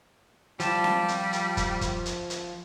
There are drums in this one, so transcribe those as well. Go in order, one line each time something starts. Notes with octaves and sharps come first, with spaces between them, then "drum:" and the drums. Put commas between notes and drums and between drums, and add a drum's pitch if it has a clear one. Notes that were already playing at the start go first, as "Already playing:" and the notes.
F3 G3 F4 A5, drum: hi-hat
drum: snare C4
drum: hi-hat
drum: hi-hat
drum: kick, hi-hat
drum: kick, hi-hat
drum: hi-hat
drum: hi-hat